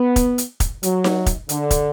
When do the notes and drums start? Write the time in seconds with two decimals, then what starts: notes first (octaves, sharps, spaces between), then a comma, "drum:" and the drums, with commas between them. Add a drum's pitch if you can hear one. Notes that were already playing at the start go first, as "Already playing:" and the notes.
Already playing: B3
0.16 drum: kick, hi-hat
0.38 drum: hi-hat
0.60 drum: kick, hi-hat
0.83 F#3, drum: hi-hat
1.04 drum: snare D#4
1.26 drum: kick, hi-hat
1.49 D3, drum: hi-hat
1.71 drum: kick, hi-hat